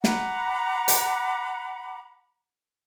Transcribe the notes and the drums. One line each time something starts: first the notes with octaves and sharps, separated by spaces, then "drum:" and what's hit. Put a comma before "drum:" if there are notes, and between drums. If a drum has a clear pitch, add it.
F#5 A#5 B5 D6, drum: snare
drum: hi-hat